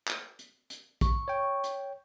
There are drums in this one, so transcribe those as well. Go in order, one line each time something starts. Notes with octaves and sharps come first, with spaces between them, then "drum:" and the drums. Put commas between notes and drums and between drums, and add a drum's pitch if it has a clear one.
drum: clap
drum: hi-hat
drum: hi-hat
C#6, drum: kick, hi-hat
C#5 G5
drum: hi-hat